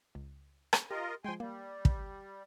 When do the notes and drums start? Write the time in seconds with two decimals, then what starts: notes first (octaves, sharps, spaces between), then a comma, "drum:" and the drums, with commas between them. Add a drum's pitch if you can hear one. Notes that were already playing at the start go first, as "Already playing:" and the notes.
0.15 C#2
0.73 drum: rim click
0.91 F4 G4 A#4 D#5
1.24 F3 G#3 G5 G#5 C6
1.40 G3 A#3
1.85 drum: kick